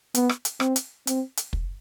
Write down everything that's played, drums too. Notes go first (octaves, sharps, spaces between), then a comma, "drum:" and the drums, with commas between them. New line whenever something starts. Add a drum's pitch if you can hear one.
B3, drum: hi-hat
drum: rim click
drum: hi-hat
C4, drum: rim click
drum: hi-hat
C4, drum: hi-hat
drum: hi-hat
drum: kick